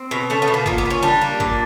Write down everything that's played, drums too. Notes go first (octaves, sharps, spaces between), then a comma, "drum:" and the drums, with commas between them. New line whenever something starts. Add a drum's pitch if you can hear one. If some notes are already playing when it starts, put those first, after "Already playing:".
Already playing: C4
B2
A3 C#4
B3
B2
A#3
A#2 A#3, drum: kick
B3
A#3
C#4
G3 D4
A#3
A#2, drum: kick